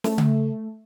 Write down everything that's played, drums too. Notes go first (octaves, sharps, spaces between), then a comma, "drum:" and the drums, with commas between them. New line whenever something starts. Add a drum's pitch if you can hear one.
A3, drum: snare
drum: tom C#3